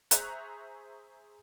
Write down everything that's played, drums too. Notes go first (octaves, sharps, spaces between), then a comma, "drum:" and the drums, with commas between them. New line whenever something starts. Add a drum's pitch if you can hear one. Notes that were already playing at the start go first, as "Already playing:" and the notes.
G#4 C5 E5 A#5 C#6 F#6, drum: hi-hat